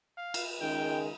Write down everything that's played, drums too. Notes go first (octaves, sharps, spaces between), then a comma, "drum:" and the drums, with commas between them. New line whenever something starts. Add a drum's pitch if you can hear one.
F5
drum: cymbal
C#2 D#3 G#3 G5